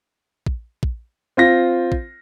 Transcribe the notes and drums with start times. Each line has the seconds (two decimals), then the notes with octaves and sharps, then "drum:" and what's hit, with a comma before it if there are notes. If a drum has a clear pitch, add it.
0.46 drum: kick
0.83 drum: kick
1.37 C4 F4 A#6
1.92 drum: kick